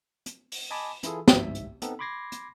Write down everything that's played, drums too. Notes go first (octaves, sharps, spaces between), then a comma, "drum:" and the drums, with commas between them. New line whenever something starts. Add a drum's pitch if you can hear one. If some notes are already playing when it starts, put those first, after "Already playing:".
drum: hi-hat
drum: open hi-hat
D#5 G#5 A5 B5 D6
E3 E4 F4 G#4 A4, drum: hi-hat
G1 C2 G#2 E5, drum: snare
drum: hi-hat
B3 C4 D#4 A4, drum: hi-hat
B5 C6 D6 G#6 A#6 C7
drum: hi-hat